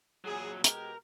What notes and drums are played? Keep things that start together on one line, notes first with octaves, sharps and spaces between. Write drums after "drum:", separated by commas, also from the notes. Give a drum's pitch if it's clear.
A#2 F#3 G#4
B2 G#3 G4 A#4, drum: hi-hat